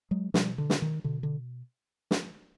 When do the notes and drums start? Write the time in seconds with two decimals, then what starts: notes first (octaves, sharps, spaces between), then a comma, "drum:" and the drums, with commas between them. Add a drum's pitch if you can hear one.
0.11 F#3 G#3
0.34 B2 F3 G3, drum: snare
0.58 D3
0.70 drum: snare
0.82 D#3
1.04 B2 D3
1.23 D3
2.11 drum: snare